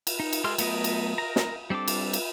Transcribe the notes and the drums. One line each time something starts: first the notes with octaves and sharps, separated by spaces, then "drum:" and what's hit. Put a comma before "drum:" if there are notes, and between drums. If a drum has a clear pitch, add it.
drum: cymbal
D#4
drum: cymbal
G#3 G4 A4 C6 F6
F#3 A3 B3 A#4 D#5, drum: cymbal
drum: cymbal
A#4 A#5
drum: snare
G3 C4 D4 A4 D6
drum: cymbal
drum: cymbal